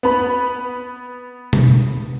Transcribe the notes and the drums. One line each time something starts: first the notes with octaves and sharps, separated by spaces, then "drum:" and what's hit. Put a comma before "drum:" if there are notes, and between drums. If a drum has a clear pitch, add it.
B3 B5
drum: tom B2